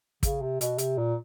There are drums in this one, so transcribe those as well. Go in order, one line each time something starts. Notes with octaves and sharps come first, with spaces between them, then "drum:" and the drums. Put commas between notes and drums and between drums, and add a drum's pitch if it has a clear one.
C#3, drum: kick, hi-hat
C3
B2, drum: hi-hat
C3, drum: hi-hat
A#2